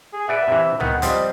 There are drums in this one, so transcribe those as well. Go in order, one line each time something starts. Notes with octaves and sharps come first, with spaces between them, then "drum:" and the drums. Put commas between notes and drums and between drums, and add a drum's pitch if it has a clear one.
G#4
B4 D5 E5 F#5
C3 E3
D#3 B3 F#5, drum: tom
F3 G3 C4 D#5, drum: hi-hat